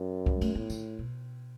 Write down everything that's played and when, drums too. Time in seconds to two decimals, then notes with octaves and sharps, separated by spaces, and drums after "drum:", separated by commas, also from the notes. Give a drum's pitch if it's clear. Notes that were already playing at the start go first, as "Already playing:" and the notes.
Already playing: F#2
0.26 G3, drum: kick C2
0.41 A3, drum: cymbal
0.55 A2 B3
0.70 D3, drum: tambourine
0.99 B2